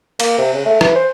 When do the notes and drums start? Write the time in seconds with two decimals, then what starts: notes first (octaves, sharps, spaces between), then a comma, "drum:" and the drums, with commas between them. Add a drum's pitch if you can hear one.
0.20 A#3, drum: cymbal
0.38 C3
0.54 C#3
0.66 A3
0.81 E3, drum: rim click
0.96 C5